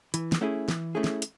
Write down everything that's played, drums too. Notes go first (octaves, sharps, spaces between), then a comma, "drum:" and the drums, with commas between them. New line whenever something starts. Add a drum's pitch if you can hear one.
E3, drum: hi-hat
drum: snare
A3 C#4 E4 G#4
E3, drum: snare
A3 C#4 E4 G#4
drum: snare
drum: hi-hat